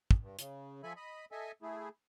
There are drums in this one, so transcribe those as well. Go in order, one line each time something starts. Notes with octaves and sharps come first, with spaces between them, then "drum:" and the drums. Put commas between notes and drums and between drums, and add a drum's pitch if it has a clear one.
drum: kick
G2
C#3, drum: hi-hat
F3 A4 E5 G#5 B5
D#5 B5
A4 D#5 E5 G#5
A3 E4 G#4